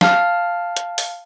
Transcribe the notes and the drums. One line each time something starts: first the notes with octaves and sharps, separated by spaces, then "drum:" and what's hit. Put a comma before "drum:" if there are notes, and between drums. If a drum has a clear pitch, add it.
F5 A5 F6, drum: snare
drum: hi-hat
drum: open hi-hat